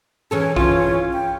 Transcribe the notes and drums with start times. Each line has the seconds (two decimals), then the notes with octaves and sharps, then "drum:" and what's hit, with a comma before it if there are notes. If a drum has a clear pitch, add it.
0.31 E3 C#4 G#4 A4
0.56 C#4 F4, drum: kick A#1
1.13 G5